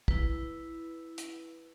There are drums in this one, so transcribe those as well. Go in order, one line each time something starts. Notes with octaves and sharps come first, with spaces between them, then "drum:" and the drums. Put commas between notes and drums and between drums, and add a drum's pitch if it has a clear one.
E4 B4, drum: kick
drum: hi-hat